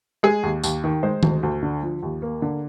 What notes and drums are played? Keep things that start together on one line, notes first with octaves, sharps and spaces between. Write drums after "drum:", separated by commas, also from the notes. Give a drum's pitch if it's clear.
G#3 G#4
D#2
D#2, drum: tambourine
D#3
G#3 C5
D2, drum: tom D#3
D2
D3
F3
D#2
A#3
D3